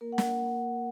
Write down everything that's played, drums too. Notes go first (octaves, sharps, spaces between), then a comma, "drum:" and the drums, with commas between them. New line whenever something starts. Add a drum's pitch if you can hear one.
A#3 A#4
F#5
A#3, drum: snare